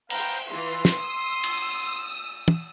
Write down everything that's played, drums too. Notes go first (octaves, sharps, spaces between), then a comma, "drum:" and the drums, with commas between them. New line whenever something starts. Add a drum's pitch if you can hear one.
B4 C5 F5 G5 A#5, drum: cymbal
E3 F4 C6
drum: snare
D#6 E6
drum: cymbal
drum: tom